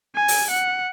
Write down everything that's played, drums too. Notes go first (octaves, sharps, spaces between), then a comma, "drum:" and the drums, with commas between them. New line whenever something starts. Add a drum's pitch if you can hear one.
G#5
drum: open hi-hat
F#5